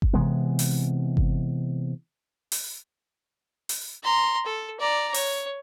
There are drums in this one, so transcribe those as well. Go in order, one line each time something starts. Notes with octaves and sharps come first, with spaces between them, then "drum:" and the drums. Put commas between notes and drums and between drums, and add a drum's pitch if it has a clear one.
drum: kick G1
C3 E3 G#3 B3
drum: open hi-hat
drum: kick G1
drum: open hi-hat
drum: open hi-hat
A#5 C6
A4
D5 A#5
C#5, drum: open hi-hat